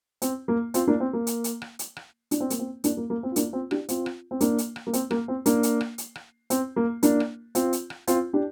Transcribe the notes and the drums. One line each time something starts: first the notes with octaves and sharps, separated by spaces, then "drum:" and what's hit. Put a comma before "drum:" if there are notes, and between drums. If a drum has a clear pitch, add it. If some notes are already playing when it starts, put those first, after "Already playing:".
C4, drum: hi-hat
A#3
C4 F4, drum: hi-hat
A#3 D4
C4
A#3
drum: hi-hat
drum: hi-hat
drum: rim click
drum: hi-hat
drum: rim click
D4, drum: hi-hat
C4
A#3, drum: hi-hat
C4
A#3 D4, drum: hi-hat
A#3
A#3
C4
F4
A#3 D4, drum: hi-hat
C4 F4
D4 G4, drum: rim click
C4 F4, drum: hi-hat
drum: rim click
C4
A#3 D4, drum: hi-hat
drum: hi-hat
drum: rim click
A#3
C4, drum: hi-hat
A#3, drum: rim click
C4
A#3 D4, drum: hi-hat
drum: hi-hat
drum: rim click
drum: hi-hat
drum: rim click
C4, drum: hi-hat
A#3
A#3 D4, drum: hi-hat
drum: rim click
C4 F4, drum: hi-hat
drum: hi-hat
drum: rim click
C4 F4, drum: hi-hat
D4 G4